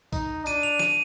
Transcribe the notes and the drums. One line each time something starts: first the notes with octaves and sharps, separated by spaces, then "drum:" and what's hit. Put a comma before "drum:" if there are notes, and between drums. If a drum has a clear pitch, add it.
D#4, drum: kick B1, tambourine
D4 D#7, drum: tambourine
F7
D#7, drum: snare